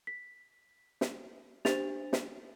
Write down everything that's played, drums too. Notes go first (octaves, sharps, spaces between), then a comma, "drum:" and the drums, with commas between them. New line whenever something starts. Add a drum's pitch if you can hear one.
B6
drum: snare
D4 G4 C5 A6 F7, drum: snare
drum: snare